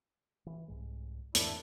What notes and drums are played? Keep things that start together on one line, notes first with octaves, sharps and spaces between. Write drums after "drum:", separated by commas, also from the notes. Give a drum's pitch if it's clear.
E3
C2 G#2 G#3
E2 G#2 E3 D4 E4, drum: hi-hat